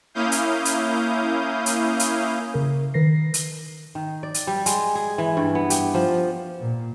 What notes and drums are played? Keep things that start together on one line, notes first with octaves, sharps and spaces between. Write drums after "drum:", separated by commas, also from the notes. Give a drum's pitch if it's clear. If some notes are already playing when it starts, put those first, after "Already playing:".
A#3 C#4 E4 F5 D#6 G6
drum: hi-hat
drum: hi-hat
drum: hi-hat
drum: hi-hat
C#3 A#4
D#3 A#4 B4 A#6 C7
drum: hi-hat
D#3
D5
drum: hi-hat
G3
G#3, drum: hi-hat
G#4
E3
G2
B3
G4, drum: hi-hat
F3
A#2